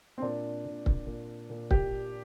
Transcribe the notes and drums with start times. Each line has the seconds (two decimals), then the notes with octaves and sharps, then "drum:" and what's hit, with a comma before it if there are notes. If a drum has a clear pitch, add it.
0.18 C4
0.22 A#2 D4
0.65 A#2
0.86 drum: kick C#1
1.07 A#2
1.50 A#2
1.71 G4, drum: kick C#1